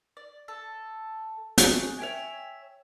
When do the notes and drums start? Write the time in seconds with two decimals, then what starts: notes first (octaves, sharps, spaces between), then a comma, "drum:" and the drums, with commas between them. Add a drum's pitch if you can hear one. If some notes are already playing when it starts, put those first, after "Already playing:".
0.17 D5
0.48 A4
1.58 D4 G#4 C#5 D5, drum: hi-hat
1.99 C#5 E5 G5 G#5